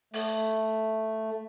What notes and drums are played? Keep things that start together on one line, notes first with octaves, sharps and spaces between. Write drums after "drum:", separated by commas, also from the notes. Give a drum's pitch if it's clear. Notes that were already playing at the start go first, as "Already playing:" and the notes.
A3, drum: open hi-hat